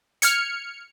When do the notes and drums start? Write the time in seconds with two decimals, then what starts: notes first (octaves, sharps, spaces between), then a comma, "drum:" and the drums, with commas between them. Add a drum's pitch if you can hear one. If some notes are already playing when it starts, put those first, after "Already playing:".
0.22 F6 G#6 C#7, drum: hi-hat